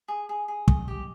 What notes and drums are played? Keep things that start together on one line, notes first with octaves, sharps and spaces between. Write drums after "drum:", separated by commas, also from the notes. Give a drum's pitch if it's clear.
G#4
G#4
G#4
D#5, drum: kick
G4